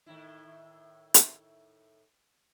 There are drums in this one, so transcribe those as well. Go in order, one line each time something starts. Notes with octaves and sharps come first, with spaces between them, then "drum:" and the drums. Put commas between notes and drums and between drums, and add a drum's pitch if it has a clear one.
A2 D#3 E4
drum: hi-hat